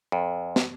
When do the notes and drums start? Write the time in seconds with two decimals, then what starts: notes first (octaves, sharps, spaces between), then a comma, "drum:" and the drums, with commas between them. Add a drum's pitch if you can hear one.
0.12 F2
0.56 drum: snare